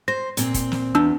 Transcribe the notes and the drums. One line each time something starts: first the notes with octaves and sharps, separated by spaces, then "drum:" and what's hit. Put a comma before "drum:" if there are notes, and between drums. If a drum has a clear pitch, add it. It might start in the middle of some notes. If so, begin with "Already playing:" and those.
C5 A#6
A#2 C4, drum: hi-hat
drum: kick, hi-hat
drum: snare
E2 D4 E6